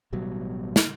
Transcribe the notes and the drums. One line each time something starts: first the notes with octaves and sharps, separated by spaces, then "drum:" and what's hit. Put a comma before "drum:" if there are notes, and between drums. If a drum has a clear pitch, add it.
A1 B2 F#3 G3
drum: snare